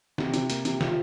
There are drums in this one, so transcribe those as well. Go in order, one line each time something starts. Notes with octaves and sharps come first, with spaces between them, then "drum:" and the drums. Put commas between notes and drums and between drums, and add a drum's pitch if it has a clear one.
C3, drum: snare
C3, drum: hi-hat
A#3, drum: hi-hat
C3, drum: hi-hat
F4, drum: snare